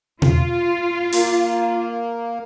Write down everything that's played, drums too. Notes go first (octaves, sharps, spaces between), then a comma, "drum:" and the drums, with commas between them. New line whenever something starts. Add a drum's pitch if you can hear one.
F4, drum: tom B2
A#3, drum: open hi-hat